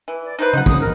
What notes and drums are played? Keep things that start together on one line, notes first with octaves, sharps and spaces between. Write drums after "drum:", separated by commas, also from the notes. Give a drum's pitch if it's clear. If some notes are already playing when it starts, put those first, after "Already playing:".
E3
D5
D#4 E4 B4 C5
C#3 F#3 D#4 F#5
C#3 G#3 D#6, drum: kick
A#4